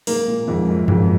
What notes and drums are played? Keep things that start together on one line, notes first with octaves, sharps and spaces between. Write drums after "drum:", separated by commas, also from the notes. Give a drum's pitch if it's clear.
G#2 A#3, drum: open hi-hat
A#2
F2 G#2
F#2
F2 G#2, drum: tom F#2